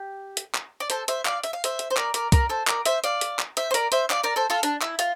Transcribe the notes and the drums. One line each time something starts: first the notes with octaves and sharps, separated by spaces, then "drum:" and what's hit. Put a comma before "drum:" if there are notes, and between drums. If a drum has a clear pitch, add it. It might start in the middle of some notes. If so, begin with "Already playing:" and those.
Already playing: G4
drum: hi-hat
drum: clap
D5
A4 C5, drum: hi-hat
C5 E5, drum: hi-hat
D5 F5, drum: clap
E5, drum: hi-hat
F5
C5 E5, drum: hi-hat
drum: hi-hat
C5
A#4 D5, drum: clap
A#4 D5, drum: hi-hat
A#4 D5, drum: kick C2, hi-hat
A4 C5
A#4 D5, drum: clap
C5 E5, drum: hi-hat
D5 F5, drum: hi-hat
drum: hi-hat
drum: clap
C5 E5, drum: hi-hat
C5
A#4 D5, drum: hi-hat
C5 E5, drum: hi-hat
D5 F5, drum: clap
A#4 D5
A4 C5
F4 A4
D4, drum: hi-hat
E4, drum: clap
F4, drum: hi-hat